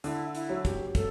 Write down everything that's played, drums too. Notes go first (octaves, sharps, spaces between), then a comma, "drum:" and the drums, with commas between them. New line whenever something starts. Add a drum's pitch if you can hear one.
D3 E4, drum: hi-hat
E4, drum: hi-hat
F#3
G4, drum: kick, hi-hat
A4, drum: kick, hi-hat